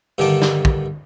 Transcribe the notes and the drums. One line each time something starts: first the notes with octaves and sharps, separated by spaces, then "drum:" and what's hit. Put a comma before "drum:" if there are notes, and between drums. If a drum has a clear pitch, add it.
G2 D3 D#3 D4 A5 D6
drum: snare
drum: kick